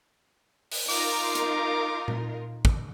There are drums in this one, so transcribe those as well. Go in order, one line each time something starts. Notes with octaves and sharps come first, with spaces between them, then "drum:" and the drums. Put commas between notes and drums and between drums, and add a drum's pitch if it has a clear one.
drum: open hi-hat
D#4 F4 A#4 D6, drum: open hi-hat
drum: hi-hat
drum: tom A#2
drum: kick